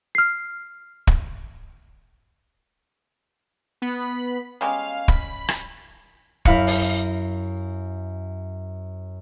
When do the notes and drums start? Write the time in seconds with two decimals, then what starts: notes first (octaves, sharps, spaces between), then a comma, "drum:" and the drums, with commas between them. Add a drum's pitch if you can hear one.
0.15 F6 C7
1.07 drum: kick
3.82 B3 B5
4.61 G3 G#3 C#4 F5
5.08 B5, drum: kick
5.49 drum: rim click
6.45 F#2 E4 F5 F6 C#7, drum: kick
6.67 drum: open hi-hat